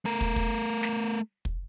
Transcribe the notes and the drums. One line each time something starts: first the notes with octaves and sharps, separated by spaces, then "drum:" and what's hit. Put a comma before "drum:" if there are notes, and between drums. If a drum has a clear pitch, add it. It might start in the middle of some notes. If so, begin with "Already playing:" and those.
A3 A#4
drum: kick
drum: kick
drum: snare
drum: kick